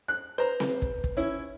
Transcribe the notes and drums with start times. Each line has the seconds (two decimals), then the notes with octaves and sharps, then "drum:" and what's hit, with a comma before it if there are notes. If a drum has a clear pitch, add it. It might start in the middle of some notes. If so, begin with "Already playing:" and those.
0.08 F#6
0.38 B4 C5 A#5
0.60 drum: snare C4
0.82 drum: kick
1.04 drum: kick
1.17 C#4 E4